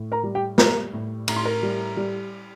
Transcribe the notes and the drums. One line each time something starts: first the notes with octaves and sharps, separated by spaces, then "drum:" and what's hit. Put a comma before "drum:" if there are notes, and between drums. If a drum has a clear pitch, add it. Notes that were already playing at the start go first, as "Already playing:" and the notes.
Already playing: A2
A#4 A#5
G3
G4 G5
G3 A#4 A#5, drum: snare
A2
A2 A#5, drum: cymbal
C6
A#4 A#5
G3
G3